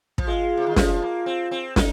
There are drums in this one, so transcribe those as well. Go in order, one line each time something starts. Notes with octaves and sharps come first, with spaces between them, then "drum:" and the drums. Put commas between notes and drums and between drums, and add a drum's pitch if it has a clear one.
F3, drum: kick
G#3 F4
C3
D#3
F3 F4, drum: snare
A#3
C4
C4
D#4, drum: snare